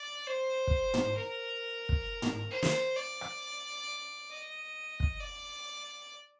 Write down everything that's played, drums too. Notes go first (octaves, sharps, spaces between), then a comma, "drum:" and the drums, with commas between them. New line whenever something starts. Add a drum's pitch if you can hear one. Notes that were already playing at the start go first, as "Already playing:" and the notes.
Already playing: D5
C5
drum: kick
drum: tom
A#4
drum: kick
drum: tom
C5
drum: snare
D5
drum: rim click
D#5
drum: kick
D5